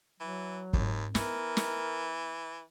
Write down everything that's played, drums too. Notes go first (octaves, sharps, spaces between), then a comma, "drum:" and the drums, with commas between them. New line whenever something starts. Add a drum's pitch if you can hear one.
E3 F#3
D#2 G#2 C4, drum: kick
E3 B3 A#4, drum: snare
drum: snare